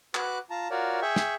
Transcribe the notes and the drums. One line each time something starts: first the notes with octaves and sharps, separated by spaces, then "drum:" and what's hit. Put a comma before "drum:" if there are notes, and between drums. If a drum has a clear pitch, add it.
F#4 B4 D6 F#6, drum: clap
F4 A5 A#5
F4 F#4 A#4 C#5 D5
G#4 E5 G5 C#6
drum: snare